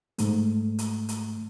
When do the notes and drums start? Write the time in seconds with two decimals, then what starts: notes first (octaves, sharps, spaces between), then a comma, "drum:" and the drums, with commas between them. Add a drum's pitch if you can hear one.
0.18 G#2 A3, drum: hi-hat
0.79 drum: hi-hat
1.09 drum: hi-hat